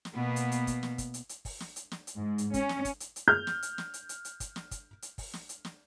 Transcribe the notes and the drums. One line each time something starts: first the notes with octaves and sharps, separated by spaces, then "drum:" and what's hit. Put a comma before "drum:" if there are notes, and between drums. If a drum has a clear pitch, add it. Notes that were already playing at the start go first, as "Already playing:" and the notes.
drum: snare
B2 A#3 B3
drum: hi-hat
drum: hi-hat
drum: kick, hi-hat
drum: snare
drum: kick, hi-hat
drum: hi-hat
drum: hi-hat
drum: kick, open hi-hat
drum: snare
drum: hi-hat
drum: snare
drum: hi-hat
G#2
drum: hi-hat
C#4, drum: kick, hi-hat
drum: snare
drum: kick, hi-hat
drum: hi-hat
drum: hi-hat
F6 G6
drum: snare
drum: hi-hat
drum: snare
drum: hi-hat
drum: hi-hat
drum: hi-hat
drum: kick, hi-hat
drum: snare
drum: kick, hi-hat
drum: hi-hat
drum: kick, open hi-hat
drum: snare
drum: hi-hat
drum: snare